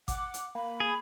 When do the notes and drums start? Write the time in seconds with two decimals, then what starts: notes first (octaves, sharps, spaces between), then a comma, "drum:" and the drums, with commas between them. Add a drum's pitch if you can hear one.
0.08 F#5 D6, drum: kick G#1, hi-hat
0.34 drum: hi-hat
0.55 A#3 B5
0.80 G#4